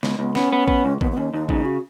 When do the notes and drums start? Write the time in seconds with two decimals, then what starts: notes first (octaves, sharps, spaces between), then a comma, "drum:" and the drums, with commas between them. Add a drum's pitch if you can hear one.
0.03 C#2 B3, drum: snare
0.19 C#2 B3
0.35 B3 C#4, drum: snare
0.52 B3
0.68 B3, drum: kick A1
0.85 C#2
1.01 D#2 B3, drum: kick A1
1.11 B3
1.17 D#2 C#4
1.33 D#2 D#4
1.49 C#3 D#4, drum: kick A1
1.65 F#4